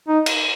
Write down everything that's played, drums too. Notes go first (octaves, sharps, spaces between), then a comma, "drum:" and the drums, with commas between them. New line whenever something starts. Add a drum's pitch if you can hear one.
D#4
drum: cymbal